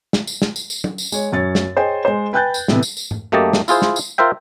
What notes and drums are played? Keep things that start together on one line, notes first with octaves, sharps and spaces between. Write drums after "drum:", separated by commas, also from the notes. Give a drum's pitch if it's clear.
drum: snare
drum: tambourine
drum: snare
drum: tambourine
drum: tambourine
drum: tom
drum: tambourine
G#3 C#5, drum: tambourine
F#2 C#5 A6
drum: snare
G#4 C5 C#5 D#5 G5 G#5
G#3 C5
B4 G5 G#5 F#6 G6 A6
drum: tambourine
A2 C3 E3 B3, drum: snare
drum: tambourine
drum: tambourine
drum: tom G#2
F#2 A3 A#3 G4 D#5 A5
drum: snare
E4 F4 G#4 C5, drum: tambourine
drum: snare
drum: tambourine
F4 A#4 C5 E5 G5